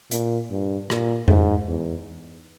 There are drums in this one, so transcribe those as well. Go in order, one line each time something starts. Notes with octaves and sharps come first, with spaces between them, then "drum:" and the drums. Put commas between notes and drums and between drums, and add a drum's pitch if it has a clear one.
A#2, drum: hi-hat
G2
A#2, drum: rim click
G#2, drum: tom F2
E2